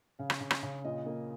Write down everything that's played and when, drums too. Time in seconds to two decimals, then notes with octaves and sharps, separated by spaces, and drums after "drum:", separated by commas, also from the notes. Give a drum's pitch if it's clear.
0.19 C#3 F5
0.30 drum: rim click
0.41 C#3
0.51 drum: rim click
0.63 C#3
0.85 A#2 D#5
1.06 A#3